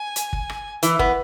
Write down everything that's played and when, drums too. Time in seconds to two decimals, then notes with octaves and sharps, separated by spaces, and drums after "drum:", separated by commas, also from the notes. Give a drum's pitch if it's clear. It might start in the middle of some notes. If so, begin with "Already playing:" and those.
Already playing: G#5
0.16 drum: hi-hat
0.33 drum: kick
0.49 drum: rim click
0.83 E3, drum: hi-hat
0.99 B3, drum: kick